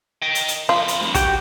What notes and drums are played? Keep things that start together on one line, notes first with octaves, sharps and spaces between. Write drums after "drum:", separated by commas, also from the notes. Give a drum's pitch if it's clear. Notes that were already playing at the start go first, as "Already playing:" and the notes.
D#5 G5
drum: hi-hat
drum: hi-hat
F2 F4 B5
drum: hi-hat
drum: snare
F#4 G4 G5, drum: kick, hi-hat